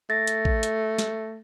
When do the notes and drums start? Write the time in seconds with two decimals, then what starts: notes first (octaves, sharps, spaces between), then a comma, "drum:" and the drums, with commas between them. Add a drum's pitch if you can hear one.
0.10 A3 A6 A#6
0.27 drum: hi-hat
0.45 drum: kick A1
0.63 drum: hi-hat
0.98 drum: snare